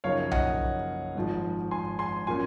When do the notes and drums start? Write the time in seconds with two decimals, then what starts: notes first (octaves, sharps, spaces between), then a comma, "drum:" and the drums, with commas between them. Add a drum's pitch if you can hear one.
0.04 F#1 F#2 F3 A#3 D#4 C#5 F5
0.31 D#5 F#5, drum: tom B1
1.16 G#1 G#2 F3
1.71 G#5 C6
1.99 G#5 C6
2.27 A#2 F#3 A#3 C#4 G#5 C6